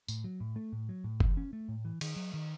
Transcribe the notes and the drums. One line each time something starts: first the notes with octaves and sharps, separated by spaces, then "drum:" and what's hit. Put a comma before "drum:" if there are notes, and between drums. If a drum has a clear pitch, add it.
A2, drum: tambourine
F#3
A2
A3
A2
F#3
A2
E3, drum: kick
C#4
A3
A2
E3
D#3, drum: cymbal
F#3
D#3